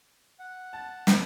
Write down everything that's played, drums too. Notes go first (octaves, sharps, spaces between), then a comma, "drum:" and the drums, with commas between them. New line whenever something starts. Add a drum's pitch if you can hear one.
F#5
A5
G1 C5 C#7, drum: snare